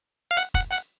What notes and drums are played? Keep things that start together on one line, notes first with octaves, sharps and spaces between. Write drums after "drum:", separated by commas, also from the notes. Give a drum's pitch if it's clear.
F5
F#5, drum: hi-hat
F#5, drum: kick F1, hi-hat
F#5, drum: hi-hat